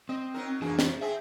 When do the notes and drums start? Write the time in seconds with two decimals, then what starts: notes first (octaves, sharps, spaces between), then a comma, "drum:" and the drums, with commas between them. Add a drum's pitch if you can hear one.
0.09 C4 D#5
0.34 F#3 D#4 A#4
0.62 E3 A#3 D4 F#4 G#4
0.79 C3, drum: snare
1.01 G#2 C4 G#4 E5